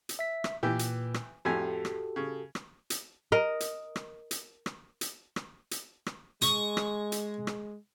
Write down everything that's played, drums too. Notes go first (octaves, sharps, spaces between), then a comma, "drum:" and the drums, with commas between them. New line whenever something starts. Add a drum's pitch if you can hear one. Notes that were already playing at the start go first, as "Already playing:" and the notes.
drum: hi-hat
E5 B6
drum: rim click
A#2 E3 G4 B4
drum: hi-hat
drum: rim click
F2 A2 F#4 G4 A4 G#5
drum: rim click
C#3
drum: rim click
drum: hi-hat
A#4 D#5
drum: hi-hat
drum: rim click
drum: hi-hat
drum: rim click
drum: hi-hat
drum: rim click
drum: hi-hat
drum: rim click
G#3 C#6 D#6, drum: hi-hat
drum: rim click
drum: hi-hat
drum: rim click